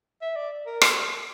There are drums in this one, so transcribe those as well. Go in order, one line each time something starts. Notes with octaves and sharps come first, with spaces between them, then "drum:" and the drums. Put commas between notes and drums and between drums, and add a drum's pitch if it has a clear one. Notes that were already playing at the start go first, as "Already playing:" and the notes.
E5
D5
A#4
drum: rim click